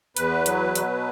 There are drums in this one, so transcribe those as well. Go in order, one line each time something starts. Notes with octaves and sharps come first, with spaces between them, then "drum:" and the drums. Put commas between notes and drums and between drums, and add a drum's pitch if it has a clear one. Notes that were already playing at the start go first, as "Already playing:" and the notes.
E2 B4, drum: hi-hat
F#3, drum: hi-hat
B2, drum: hi-hat